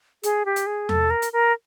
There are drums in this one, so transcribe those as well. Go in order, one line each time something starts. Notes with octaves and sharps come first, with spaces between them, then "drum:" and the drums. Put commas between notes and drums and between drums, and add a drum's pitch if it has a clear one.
G#4, drum: hi-hat
G4
drum: hi-hat
G#4
A4, drum: tom E2
A#4
drum: hi-hat
A#4